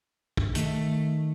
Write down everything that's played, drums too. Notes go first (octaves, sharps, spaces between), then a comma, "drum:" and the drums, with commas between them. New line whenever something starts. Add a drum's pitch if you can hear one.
drum: kick
D#3 A3, drum: hi-hat